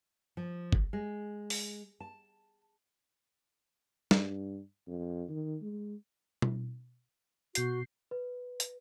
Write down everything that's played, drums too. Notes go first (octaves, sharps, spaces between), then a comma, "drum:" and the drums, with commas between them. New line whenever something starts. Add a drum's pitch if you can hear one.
F3
drum: kick G1
G#3
drum: open hi-hat
A5
G2, drum: snare
F2
D#3
G#3
drum: tom B2
B2 F#4 G6 C7, drum: hi-hat
B4
drum: hi-hat